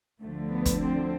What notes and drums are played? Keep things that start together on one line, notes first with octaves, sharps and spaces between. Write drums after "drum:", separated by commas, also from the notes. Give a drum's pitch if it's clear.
D2 D3 F3 A3
B3
drum: kick, hi-hat
C4